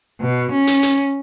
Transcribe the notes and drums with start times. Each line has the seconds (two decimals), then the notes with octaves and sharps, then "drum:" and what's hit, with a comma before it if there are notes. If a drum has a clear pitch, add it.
0.22 B2
0.51 C#4
0.67 drum: hi-hat
0.83 drum: hi-hat